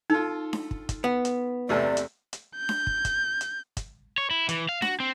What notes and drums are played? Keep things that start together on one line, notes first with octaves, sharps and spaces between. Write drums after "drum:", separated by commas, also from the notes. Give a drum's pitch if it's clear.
D#4 F4 A4
drum: snare D4
drum: kick
drum: kick, hi-hat
B3
drum: hi-hat
E2 C3 A3 D5
drum: hi-hat
drum: hi-hat
G6
drum: snare D4
drum: kick
drum: kick, hi-hat
drum: hi-hat
drum: kick, hi-hat
C#5
E4
E3, drum: hi-hat
F5
F#4, drum: snare D4
C4